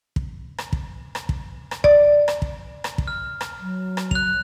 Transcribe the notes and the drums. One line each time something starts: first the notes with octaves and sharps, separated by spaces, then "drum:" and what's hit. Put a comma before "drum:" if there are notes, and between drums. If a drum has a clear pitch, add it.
drum: kick
drum: rim click
drum: kick
drum: rim click
drum: kick
drum: rim click
D5, drum: kick
drum: rim click
drum: kick
drum: rim click
drum: kick
F6
drum: rim click
F#3
drum: rim click
F#6 F7, drum: kick